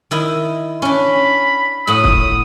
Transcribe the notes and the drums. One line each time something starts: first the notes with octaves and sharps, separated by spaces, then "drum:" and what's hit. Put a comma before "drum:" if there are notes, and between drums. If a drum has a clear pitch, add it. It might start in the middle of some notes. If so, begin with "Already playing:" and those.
D#3 E4 D#5
C#4 D4 B5
A2 F#5 B5 D#6
drum: kick